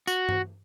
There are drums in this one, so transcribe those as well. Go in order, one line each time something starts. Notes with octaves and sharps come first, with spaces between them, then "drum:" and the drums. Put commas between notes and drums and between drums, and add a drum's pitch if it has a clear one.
F#4, drum: tambourine
drum: tom G2